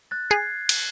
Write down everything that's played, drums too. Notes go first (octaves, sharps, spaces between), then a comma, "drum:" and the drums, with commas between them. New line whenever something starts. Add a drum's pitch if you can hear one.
F#6 A6
G#4 G#6 C7
drum: cymbal